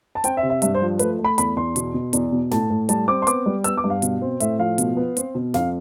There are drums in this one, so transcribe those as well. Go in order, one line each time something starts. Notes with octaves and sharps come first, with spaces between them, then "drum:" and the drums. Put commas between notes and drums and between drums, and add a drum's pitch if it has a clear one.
A5
C4 G5, drum: hi-hat
E5
C3
E5
G2 E5, drum: hi-hat
C5
F3
A3 B4, drum: hi-hat
A3
B5
E2 B5, drum: hi-hat
E2 C6
B2, drum: hi-hat
B2
E2, drum: hi-hat
B2
A2 A5, drum: snare
A2
G3 A5, drum: hi-hat
C4 D6
C6
B3 D6, drum: hi-hat
G3
B3 E6, drum: hi-hat
D6
G2
F5
B2, drum: hi-hat
C4
A2 E5, drum: hi-hat
F3 F5
B2, drum: hi-hat
B3
C4, drum: hi-hat
B2
F2 F5, drum: snare